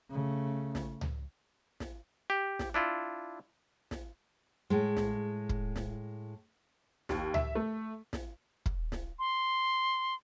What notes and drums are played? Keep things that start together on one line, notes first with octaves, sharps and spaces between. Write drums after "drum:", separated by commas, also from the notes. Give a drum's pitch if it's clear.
C#3 A3
drum: snare
drum: tom C#2
drum: snare
G4
drum: snare
D4 E4 F4
drum: snare
A2 G#3
drum: snare
drum: kick
drum: snare
D#2, drum: snare
E5, drum: tom C#2
A3
drum: snare
drum: kick
drum: snare
C6